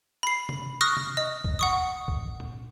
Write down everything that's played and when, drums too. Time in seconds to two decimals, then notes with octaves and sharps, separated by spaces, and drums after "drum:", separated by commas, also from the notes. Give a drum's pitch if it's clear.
0.23 B5 C7
0.49 drum: tom C3
0.81 C#6 D#6 F6 F#6 A#6
0.97 drum: tom C3
1.17 D#5
1.44 drum: kick C2
1.59 F#5 C#6 D#6
2.08 drum: kick C2
2.40 drum: tom A#2